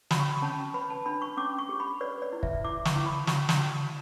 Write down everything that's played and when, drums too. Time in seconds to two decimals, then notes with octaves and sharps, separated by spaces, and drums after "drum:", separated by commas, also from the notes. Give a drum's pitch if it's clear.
0.11 F#4 B5, drum: snare
0.20 C#6
0.29 B5
0.42 C#4 A5
0.74 B4 B5
0.90 A5
1.06 D4 B5
1.22 C#6
1.37 C#4 D6
1.58 C#6
1.69 G4
1.80 B5
2.01 B4 D5
2.22 D5
2.33 E4
2.43 E5, drum: kick
2.64 E4 D6
2.85 C#6, drum: snare
2.96 E4
3.06 B5
3.27 F#4 C#6, drum: snare
3.49 drum: snare
3.59 F#4